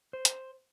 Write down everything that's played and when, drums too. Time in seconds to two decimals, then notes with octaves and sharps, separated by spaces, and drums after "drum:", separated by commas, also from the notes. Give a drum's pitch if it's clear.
0.13 C5
0.25 drum: hi-hat